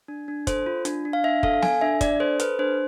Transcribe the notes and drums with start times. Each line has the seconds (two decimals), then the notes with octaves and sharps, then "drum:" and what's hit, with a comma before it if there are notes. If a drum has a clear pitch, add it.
0.08 D4
0.28 D4
0.47 A4 C5, drum: kick, hi-hat
0.66 F4
0.85 D4, drum: hi-hat
1.05 D4
1.13 F5
1.23 D4 E5
1.43 A4 F5, drum: kick
1.62 A4 G#5, drum: snare B3
1.81 D4 E5
2.01 D4 D5, drum: kick, hi-hat
2.20 A4 C5
2.40 A4 B4, drum: hi-hat
2.59 D4 C5